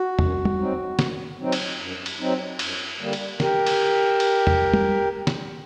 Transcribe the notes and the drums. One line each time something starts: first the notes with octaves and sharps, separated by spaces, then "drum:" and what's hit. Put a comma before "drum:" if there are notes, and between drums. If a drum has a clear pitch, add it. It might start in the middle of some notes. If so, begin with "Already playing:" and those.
Already playing: F#4
F#2, drum: tom
drum: tom
F#3 C4 D#4
F#2, drum: snare
F#3 C4 D#4
drum: cymbal
F#2
drum: cymbal
F#3 C4 D#4
F#2, drum: cymbal
D3 G3 A#3
drum: cymbal
G4 A#4, drum: snare
drum: cymbal
drum: cymbal
drum: tom
drum: tom
drum: snare